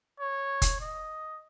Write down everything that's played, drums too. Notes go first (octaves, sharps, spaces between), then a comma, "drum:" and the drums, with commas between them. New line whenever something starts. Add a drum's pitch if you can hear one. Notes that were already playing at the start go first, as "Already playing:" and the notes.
C#5
drum: kick F1, hi-hat
D#5